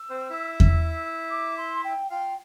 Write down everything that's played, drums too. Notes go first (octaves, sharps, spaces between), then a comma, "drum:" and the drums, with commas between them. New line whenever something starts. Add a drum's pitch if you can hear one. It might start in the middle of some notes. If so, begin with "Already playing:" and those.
Already playing: E6
C4 C5
E4 E5
drum: kick E2
D6
C6
G5
F4 F5 G5